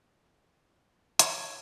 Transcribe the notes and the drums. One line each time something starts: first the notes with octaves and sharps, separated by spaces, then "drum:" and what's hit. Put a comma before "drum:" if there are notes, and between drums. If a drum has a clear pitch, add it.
C#5, drum: hi-hat